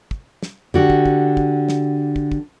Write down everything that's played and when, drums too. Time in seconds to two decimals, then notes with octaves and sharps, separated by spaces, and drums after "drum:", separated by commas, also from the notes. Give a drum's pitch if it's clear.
0.11 drum: kick
0.43 drum: snare
0.74 D3 F#4 G4
0.90 drum: kick
1.06 drum: kick
1.37 drum: kick
1.69 drum: snare
2.16 drum: kick
2.32 drum: kick